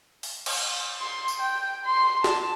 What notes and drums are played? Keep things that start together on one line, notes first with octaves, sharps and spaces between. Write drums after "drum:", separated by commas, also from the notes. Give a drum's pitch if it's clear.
drum: open hi-hat
drum: cymbal
C6
drum: tambourine
G5
C6
A5, drum: snare